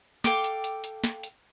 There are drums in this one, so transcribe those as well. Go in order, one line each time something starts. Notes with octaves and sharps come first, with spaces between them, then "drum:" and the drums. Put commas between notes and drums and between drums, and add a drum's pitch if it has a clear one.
A4 F5 G5 D6, drum: snare
drum: hi-hat
drum: hi-hat
drum: hi-hat
drum: snare
drum: hi-hat